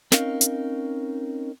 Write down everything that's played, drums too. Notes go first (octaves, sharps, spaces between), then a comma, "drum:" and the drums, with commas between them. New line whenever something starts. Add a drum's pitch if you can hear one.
C4 C#4 D#4 A#4 F5, drum: snare
drum: hi-hat